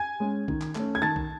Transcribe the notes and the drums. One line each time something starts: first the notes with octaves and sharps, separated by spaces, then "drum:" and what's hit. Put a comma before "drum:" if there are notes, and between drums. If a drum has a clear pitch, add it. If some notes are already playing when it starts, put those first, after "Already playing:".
Already playing: G#5 G#6
G#3 C#4
D#3, drum: kick B1
drum: clap
A3 C#4, drum: clap
G#6
D#3 A5 A6
drum: kick B1